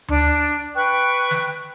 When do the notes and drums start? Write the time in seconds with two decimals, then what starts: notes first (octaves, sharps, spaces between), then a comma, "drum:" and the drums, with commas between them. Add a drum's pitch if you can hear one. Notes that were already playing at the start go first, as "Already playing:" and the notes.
0.08 D4, drum: tom D2
0.75 B4 G5 C#6 F#6
1.31 drum: snare